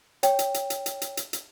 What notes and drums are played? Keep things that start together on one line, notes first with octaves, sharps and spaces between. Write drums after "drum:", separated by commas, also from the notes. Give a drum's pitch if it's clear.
C#5 G5, drum: hi-hat
drum: hi-hat
drum: hi-hat
drum: hi-hat
drum: hi-hat
drum: hi-hat
drum: hi-hat
drum: hi-hat